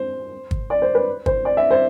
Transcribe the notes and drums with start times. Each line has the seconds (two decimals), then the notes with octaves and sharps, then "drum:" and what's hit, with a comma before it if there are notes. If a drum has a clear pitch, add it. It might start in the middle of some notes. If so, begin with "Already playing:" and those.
Already playing: C5
0.51 drum: kick
0.70 D5
0.82 C5
0.95 B4
1.26 C5, drum: kick
1.45 D5
1.57 E5
1.71 C5